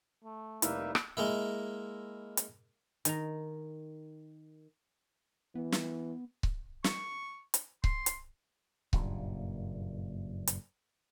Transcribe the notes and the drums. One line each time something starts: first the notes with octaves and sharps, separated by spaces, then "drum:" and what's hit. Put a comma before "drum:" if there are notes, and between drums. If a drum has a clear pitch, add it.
A3
F1 G3 A#3 D#4 E4 A#4 B4 E5, drum: hi-hat
drum: rim click
G#3 A#3 E4
drum: hi-hat
D#3 A#5, drum: hi-hat
E3 B3
drum: snare
drum: kick C#1
C#6, drum: snare
drum: hi-hat
C6, drum: kick C#1
drum: hi-hat
F#1 G2 A#2, drum: kick C#1
drum: hi-hat